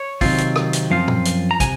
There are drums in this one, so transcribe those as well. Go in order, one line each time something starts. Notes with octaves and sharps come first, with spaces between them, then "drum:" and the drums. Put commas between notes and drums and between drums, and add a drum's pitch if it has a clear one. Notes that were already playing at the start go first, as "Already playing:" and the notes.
Already playing: C#5
C3 D#3 F#3 C4 F4, drum: kick, open hi-hat
drum: hi-hat
drum: rim click
drum: hi-hat
F#2 F3 C4 F4 F5
drum: tom
drum: hi-hat
A#5
C3 G#5, drum: kick, hi-hat